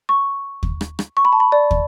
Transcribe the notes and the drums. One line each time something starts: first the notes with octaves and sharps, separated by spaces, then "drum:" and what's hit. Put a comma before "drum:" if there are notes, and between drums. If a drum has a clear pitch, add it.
C#6
drum: kick
drum: rim click
drum: rim click
C#6
B5
A5
B5
D5
drum: kick